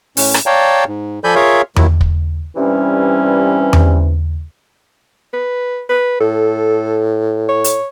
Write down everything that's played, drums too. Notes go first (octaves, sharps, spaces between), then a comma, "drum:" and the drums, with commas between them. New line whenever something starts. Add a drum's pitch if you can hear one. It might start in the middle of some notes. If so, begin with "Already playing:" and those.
A2 C#4, drum: open hi-hat
drum: rim click
C#5 D5 F5 G5 A5 A#5
G#2
F3 A4 D5 G#5 B5 G6
F4 G#4 A#4 C#5 E5 F5
D#2 D#3 F#3 E4, drum: tom E2
drum: kick
G2 C3 E3 G3 C#4
drum: tom E2
B4
B4
A2 A4
C#5
drum: hi-hat